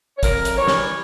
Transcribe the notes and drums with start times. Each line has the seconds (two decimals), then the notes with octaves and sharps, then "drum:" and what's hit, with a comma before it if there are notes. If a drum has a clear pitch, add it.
0.18 C#5
0.23 F2 A#4, drum: kick, hi-hat
0.45 drum: hi-hat
0.56 E3 G3 C#5
0.68 drum: snare